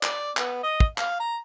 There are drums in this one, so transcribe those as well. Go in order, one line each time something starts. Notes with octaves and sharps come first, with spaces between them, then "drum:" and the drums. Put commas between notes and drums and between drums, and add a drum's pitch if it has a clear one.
D5, drum: clap
B3, drum: clap
D#5
drum: kick
F5, drum: clap
A#5